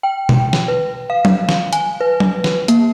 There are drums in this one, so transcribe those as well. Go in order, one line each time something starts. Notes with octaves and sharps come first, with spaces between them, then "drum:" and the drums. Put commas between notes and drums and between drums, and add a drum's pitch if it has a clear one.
G5
drum: tom B2
drum: snare
B4
F5
drum: tom F#3
drum: snare
G#5, drum: hi-hat
B4
drum: tom F#3
drum: snare
A#3, drum: hi-hat